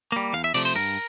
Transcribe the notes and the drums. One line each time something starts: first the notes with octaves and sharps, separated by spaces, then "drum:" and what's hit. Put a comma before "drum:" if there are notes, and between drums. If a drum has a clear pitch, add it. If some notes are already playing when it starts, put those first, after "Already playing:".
G3 A#3
E2 F5
E5
C3 F3 A3 D5, drum: cymbal
C5
G2 A#4